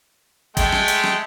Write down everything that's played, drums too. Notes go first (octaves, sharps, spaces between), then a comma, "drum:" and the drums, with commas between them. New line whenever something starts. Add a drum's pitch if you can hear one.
G#3 A3 G5, drum: kick, hi-hat
drum: rim click
drum: hi-hat
drum: rim click